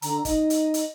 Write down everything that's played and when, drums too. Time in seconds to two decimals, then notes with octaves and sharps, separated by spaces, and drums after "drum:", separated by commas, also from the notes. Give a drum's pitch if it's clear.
0.02 D3 A#5, drum: hi-hat
0.25 D#4 D#5, drum: kick, hi-hat
0.50 drum: hi-hat
0.74 drum: hi-hat